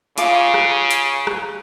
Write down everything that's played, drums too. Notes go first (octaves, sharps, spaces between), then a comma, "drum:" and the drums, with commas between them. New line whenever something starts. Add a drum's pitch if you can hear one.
C#3 F4 D6, drum: hi-hat
drum: rim click
drum: hi-hat
drum: rim click